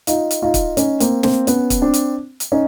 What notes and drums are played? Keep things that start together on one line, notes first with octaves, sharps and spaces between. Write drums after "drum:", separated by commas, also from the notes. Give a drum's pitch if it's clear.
D#4 F4, drum: hi-hat
drum: hi-hat
D#4 F4
drum: kick, hi-hat
C#4 D#4, drum: hi-hat
A#3 C4, drum: hi-hat
A#3 C4, drum: snare
B3 C#4, drum: hi-hat
drum: kick, hi-hat
C4 D4
drum: hi-hat
drum: hi-hat
C#4 D#4